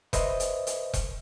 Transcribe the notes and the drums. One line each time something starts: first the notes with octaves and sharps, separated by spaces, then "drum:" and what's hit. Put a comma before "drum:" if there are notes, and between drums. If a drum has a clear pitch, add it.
B4 C5 D#5 E5, drum: kick E1, hi-hat
drum: hi-hat
drum: hi-hat
drum: kick E1, hi-hat